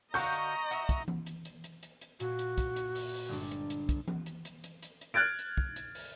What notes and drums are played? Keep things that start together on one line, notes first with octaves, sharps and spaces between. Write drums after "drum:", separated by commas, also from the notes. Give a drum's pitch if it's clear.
D3 F#4 D#5 F5 A#5 C#6 G6, drum: open hi-hat
drum: hi-hat
F#4 E5, drum: hi-hat
drum: kick, hi-hat
drum: tom E3
drum: hi-hat
drum: hi-hat
drum: hi-hat
drum: hi-hat
drum: hi-hat
A#2 F#4, drum: hi-hat
drum: hi-hat
drum: kick, hi-hat
drum: hi-hat
drum: open hi-hat
drum: open hi-hat
G1 G#3 D4
drum: hi-hat
drum: hi-hat
drum: kick, hi-hat
drum: tom E3
drum: hi-hat
drum: hi-hat
drum: hi-hat
drum: hi-hat
drum: hi-hat
F6 F#6 G#6 A6 D7
drum: hi-hat
drum: kick
drum: hi-hat
drum: open hi-hat